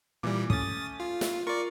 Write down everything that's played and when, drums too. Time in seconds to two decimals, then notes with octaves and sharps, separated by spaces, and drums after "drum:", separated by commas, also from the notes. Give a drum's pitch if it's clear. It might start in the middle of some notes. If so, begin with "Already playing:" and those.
0.23 A#2 E3 G3 D6
0.50 A3 C#4 D#6 A6, drum: kick
1.00 F4
1.21 drum: snare
1.47 F4 A#4 D5 C#6